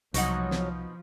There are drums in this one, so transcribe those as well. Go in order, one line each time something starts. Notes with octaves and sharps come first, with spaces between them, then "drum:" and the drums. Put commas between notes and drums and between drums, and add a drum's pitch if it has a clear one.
C2 B2 F3 F#3 D#4 F#5, drum: hi-hat
drum: snare